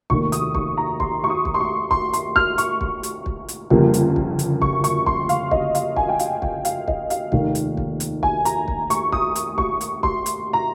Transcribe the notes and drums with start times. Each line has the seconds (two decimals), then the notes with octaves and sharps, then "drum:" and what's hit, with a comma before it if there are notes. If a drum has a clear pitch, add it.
0.10 F1 D#2 D#3 A#3 C#6, drum: kick
0.32 D#6, drum: hi-hat
0.55 C#6, drum: kick
0.77 A#5
1.00 C6, drum: kick
1.24 C#6
1.30 D#6
1.45 drum: kick
1.54 C6
1.60 C#6
1.91 C6, drum: kick
2.13 C6, drum: hi-hat
2.36 F6, drum: kick
2.58 C#6, drum: hi-hat
2.81 drum: kick
3.03 drum: hi-hat
3.26 drum: kick
3.48 drum: hi-hat
3.70 G1 F2 C#3 G3 A#3, drum: kick
3.94 drum: hi-hat
4.16 drum: kick
4.39 drum: hi-hat
4.62 C#6, drum: kick
4.84 C#6, drum: hi-hat
5.06 C6, drum: kick
5.29 F5, drum: hi-hat
5.51 D#5, drum: kick
5.75 F5, drum: hi-hat
5.96 G#5, drum: kick
6.09 G5
6.19 F5, drum: hi-hat
6.42 G5, drum: kick
6.65 F5, drum: hi-hat
6.88 D#5, drum: kick
7.10 F5, drum: hi-hat
7.32 F1 D#2 D#3 A#3, drum: kick
7.55 drum: hi-hat
7.77 drum: kick
8.00 drum: hi-hat
8.23 G#5, drum: kick
8.45 A#5, drum: hi-hat
8.68 drum: kick
8.90 C#6, drum: hi-hat
9.12 D#6, drum: kick
9.35 drum: hi-hat
9.58 C#6, drum: kick
9.81 drum: hi-hat
10.03 C6, drum: kick
10.26 drum: hi-hat
10.53 A#5